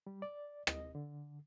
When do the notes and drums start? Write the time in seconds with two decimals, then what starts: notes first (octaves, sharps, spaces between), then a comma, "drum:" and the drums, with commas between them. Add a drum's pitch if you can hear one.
0.07 G3
0.22 D5
0.67 D#5, drum: rim click
0.95 D3